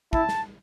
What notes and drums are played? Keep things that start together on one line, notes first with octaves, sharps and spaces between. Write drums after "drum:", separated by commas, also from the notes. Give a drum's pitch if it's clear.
E4 A5, drum: kick
drum: snare